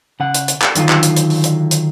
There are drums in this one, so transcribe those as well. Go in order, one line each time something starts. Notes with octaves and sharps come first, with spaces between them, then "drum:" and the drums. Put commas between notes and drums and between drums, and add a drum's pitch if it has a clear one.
C#3 F#5
drum: hi-hat
drum: hi-hat
drum: clap
D3 D#3 F#3 F4, drum: hi-hat
drum: clap
drum: hi-hat
drum: hi-hat
drum: open hi-hat
drum: hi-hat
drum: hi-hat